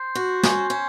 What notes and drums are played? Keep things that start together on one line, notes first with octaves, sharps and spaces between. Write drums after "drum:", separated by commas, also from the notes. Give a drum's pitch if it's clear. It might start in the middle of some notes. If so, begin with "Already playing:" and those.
Already playing: C5
F#4
C#4, drum: snare
C#4